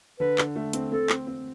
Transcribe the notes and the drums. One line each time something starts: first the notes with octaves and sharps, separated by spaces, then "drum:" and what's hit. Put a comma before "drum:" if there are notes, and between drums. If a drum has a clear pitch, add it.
D3 B4
D3, drum: clap
A3
C4, drum: hi-hat
C4 A4
C4, drum: clap
C4